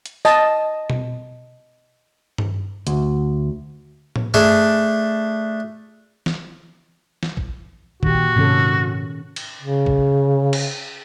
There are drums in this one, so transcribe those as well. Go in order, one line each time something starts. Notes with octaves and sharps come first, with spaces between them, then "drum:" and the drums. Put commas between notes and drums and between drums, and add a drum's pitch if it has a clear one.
drum: hi-hat
D#5 A5, drum: tambourine
drum: tom B2
drum: tom G2
D2, drum: hi-hat
drum: tom
A3 D4 G#4, drum: tom G2
drum: snare
drum: snare
drum: kick A#1
A#2 D#3 F#4 G4, drum: kick A#1
G#2 C3 D#3 C#4 A4
drum: cymbal
C#3
drum: kick A#1
drum: cymbal